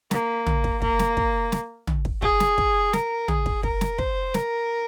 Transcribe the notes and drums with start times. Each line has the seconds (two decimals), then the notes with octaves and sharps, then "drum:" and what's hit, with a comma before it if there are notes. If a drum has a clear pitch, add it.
0.11 A#3, drum: snare
0.46 drum: tom
0.64 drum: kick
0.82 A#3, drum: kick
0.99 drum: snare
1.17 drum: kick
1.52 drum: snare
1.87 drum: tom
2.05 drum: kick
2.22 G#4, drum: kick
2.40 drum: snare
2.58 drum: kick
2.93 A#4, drum: snare
3.28 G#4, drum: tom
3.46 drum: kick
3.63 A#4, drum: kick
3.81 drum: snare
3.98 C5, drum: kick
4.34 A#4, drum: snare